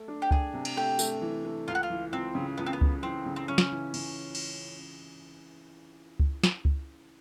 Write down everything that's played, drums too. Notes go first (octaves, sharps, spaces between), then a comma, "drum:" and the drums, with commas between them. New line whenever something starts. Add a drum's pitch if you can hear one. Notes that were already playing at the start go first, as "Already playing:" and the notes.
Already playing: A3
D4
G4
D4 G#4, drum: kick C#2
C3
drum: cymbal
A3 G4
A3, drum: tambourine
E3
A3
C#2 F4
F#4
F4
E3
C#2 C4
C#3
C#2 B3
C4
B3
C#3, drum: kick C#2
E3 C4
C#3
C4
C#3 C#4
drum: snare
E3
C#3, drum: cymbal
drum: cymbal
drum: kick C#2
drum: snare
drum: kick C#2